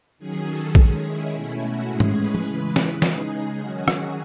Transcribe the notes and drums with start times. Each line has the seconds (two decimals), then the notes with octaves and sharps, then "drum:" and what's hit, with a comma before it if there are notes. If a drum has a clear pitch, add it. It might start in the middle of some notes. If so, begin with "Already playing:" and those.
0.18 D#3 F#3 C#4 G#4
0.47 A4
0.75 D#3 G#3 C#4 G#4, drum: kick A#1
1.04 E4
1.32 B2 A3 C#4
1.61 F#4
1.88 A2 G#3 C#4 G#4
2.00 drum: tom
2.18 B4
2.35 drum: tom
2.45 C#3 E3 G#3
2.76 drum: snare
3.02 C#3 G#3 D#4 G#4, drum: snare
3.59 D#3 F#3 C#4 F#4
3.88 G#4, drum: rim click